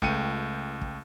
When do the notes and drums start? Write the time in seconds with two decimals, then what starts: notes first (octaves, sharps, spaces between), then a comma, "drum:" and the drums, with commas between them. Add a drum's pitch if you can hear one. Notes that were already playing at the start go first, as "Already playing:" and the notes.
0.02 C#2 A3 G5 C#7 D#7, drum: kick
0.81 drum: kick